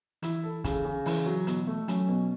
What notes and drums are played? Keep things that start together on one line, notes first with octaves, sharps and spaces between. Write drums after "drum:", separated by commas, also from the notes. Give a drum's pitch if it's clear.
E3 E4, drum: hi-hat
A4
C#3, drum: kick, hi-hat
C#3
E3 E4, drum: open hi-hat
F#3
B2, drum: hi-hat
A3
F#3 C#4, drum: hi-hat
B2